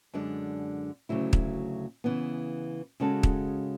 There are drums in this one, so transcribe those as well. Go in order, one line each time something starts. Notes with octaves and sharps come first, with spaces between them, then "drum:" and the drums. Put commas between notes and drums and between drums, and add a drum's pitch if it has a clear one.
F#2 D3 G#3 D4
D2 C#3 F#3 A3 E4
drum: kick
C#3 E3 B3
C#3 G#3 C#4 F#4 A4
drum: kick